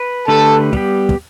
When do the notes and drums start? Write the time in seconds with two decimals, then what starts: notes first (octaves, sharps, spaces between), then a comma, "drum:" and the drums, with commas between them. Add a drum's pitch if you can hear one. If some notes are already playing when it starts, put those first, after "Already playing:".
Already playing: B4
0.28 D3 A3 G4 A4 B4 A5
0.73 G3 B3 G4, drum: kick
1.09 drum: kick